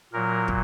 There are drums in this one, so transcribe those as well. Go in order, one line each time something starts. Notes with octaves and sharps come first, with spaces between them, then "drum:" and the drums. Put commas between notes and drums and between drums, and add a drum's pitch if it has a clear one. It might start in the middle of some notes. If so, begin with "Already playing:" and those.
A#2 F#3 A#4
drum: kick